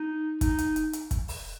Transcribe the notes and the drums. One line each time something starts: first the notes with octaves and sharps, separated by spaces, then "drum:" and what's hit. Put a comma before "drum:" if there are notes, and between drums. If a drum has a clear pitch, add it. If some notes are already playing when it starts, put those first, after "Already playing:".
Already playing: D#4
D#4, drum: kick, hi-hat
drum: hi-hat
drum: hi-hat
drum: hi-hat
drum: kick, hi-hat
drum: open hi-hat